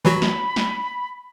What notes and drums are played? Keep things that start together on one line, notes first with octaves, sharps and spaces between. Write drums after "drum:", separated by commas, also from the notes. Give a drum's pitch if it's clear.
E3 F#3 F#4 B5
drum: snare
drum: snare